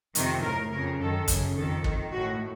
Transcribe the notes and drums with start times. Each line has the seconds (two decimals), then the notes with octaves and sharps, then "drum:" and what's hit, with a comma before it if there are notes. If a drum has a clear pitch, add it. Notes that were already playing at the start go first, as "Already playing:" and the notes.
0.15 F2 C3 D#3, drum: hi-hat
0.43 A2 A#4
0.71 F2 C#3 A#4
1.00 F#2 D#3 A4
1.28 F#2 C#3, drum: kick, hi-hat
1.56 F2 D#3 A4
1.84 F2 D#3, drum: kick
2.13 A2 F#4